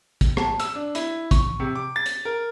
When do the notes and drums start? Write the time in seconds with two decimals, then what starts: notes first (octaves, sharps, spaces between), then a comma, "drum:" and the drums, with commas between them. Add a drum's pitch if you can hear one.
0.21 drum: kick, hi-hat
0.37 A5, drum: rim click
0.60 E6, drum: hi-hat
0.75 D4
0.95 E4, drum: hi-hat
1.31 C#6, drum: kick, hi-hat
1.60 C3
1.75 D6
1.96 A6
2.06 drum: hi-hat
2.25 A#4